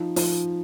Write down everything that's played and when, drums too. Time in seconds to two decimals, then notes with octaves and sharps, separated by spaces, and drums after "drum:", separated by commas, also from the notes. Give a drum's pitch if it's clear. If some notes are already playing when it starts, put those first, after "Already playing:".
Already playing: F3 D#4
0.16 F3, drum: open hi-hat